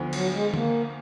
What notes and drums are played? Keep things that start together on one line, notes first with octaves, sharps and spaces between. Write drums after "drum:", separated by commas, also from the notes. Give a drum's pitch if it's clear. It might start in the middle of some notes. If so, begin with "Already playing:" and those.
Already playing: D2 D3 F3 B3
F#3, drum: cymbal
G#3
A#3, drum: tom D3